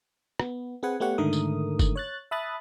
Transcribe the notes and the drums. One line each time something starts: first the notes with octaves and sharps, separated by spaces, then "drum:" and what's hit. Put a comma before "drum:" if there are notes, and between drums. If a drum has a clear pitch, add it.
B3, drum: rim click
C4 G#4 B4 F#5 G#5
A3 B3 G4 C#5 F#5
G#2 D3 D#3 A3 A#4 D#6
drum: tambourine
drum: kick F#1, tambourine
C#5 F#6 A6
E5 A5 B5 D#6 F#6 A6